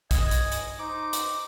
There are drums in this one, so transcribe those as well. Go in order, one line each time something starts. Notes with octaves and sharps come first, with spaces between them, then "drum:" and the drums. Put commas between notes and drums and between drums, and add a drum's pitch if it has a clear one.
G2 D#5 G#5, drum: kick, hi-hat
drum: hi-hat
drum: hi-hat
D#4 C5 D6
drum: hi-hat